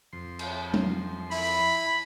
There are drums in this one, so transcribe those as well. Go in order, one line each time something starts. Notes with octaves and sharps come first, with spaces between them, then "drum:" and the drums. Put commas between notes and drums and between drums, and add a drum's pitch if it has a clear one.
F2 C6
drum: cymbal
drum: tom F#3
E4 B5, drum: open hi-hat